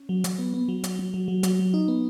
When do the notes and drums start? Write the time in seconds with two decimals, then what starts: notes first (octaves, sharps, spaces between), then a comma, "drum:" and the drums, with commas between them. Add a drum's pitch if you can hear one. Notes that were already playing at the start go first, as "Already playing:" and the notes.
Already playing: C#4
0.09 F#3
0.24 F#3, drum: hi-hat
0.39 B3
0.54 B3
0.69 F#3
0.84 F#3, drum: hi-hat
0.99 F#3
1.14 F#3
1.28 F#3
1.43 F#3, drum: hi-hat
1.59 F#3
1.74 D#4
1.88 B3